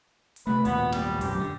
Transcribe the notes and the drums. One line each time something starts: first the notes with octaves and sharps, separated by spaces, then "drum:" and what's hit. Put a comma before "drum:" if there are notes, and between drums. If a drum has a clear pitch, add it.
drum: hi-hat
C3 A3 B4
G#1 D#2 A#2 B3, drum: hi-hat
G3, drum: snare
B1 F#2 F#3 G4, drum: open hi-hat
D3